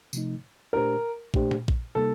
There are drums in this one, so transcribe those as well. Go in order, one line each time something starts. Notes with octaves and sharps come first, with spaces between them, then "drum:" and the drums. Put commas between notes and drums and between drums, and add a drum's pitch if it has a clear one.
C3 F3 A3 D#4, drum: tambourine
A#2 A3 D4 G4 A#4 C5
A#2 A3 D4 G4 C5, drum: kick A#1
drum: tom A#2
drum: kick A#1
C3 G3 A#3 D#4 A4